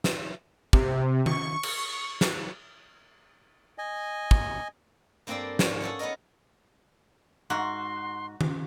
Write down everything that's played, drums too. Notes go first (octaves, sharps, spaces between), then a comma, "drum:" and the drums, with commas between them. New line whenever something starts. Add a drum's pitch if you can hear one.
drum: snare
C3, drum: kick
C#6, drum: tom D#3
drum: cymbal
drum: snare
D#5 G#5
drum: kick
G2 A#3 C4 G#4 A4 D5
G#2 F3 C#4 D4, drum: snare
G#4 A4 C#5 F#5
B3 C#4 D#4 A#4 D#5
G#2 F#4 C6
drum: tom D#3